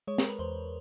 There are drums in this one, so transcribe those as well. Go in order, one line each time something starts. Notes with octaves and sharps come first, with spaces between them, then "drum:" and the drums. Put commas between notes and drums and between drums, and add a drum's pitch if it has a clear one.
G#3 C#5
A#4, drum: snare
B4
E2 C5